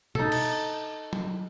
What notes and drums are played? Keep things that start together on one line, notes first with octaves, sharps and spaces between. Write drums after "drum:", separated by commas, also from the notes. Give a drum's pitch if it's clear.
D#4 A4, drum: tom B2
drum: cymbal
drum: tom F#3